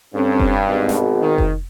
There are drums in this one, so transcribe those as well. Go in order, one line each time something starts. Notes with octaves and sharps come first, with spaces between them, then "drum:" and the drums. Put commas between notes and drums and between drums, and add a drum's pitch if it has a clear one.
G2 C4 C#4 A4
drum: kick F1
G#1 B2
drum: snare
D#3
drum: kick F1